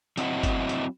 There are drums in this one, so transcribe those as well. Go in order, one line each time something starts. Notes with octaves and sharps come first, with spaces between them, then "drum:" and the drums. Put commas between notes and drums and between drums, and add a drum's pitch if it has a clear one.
F#3 C4 E4 D#5 F#5, drum: hi-hat
drum: kick, hi-hat
drum: hi-hat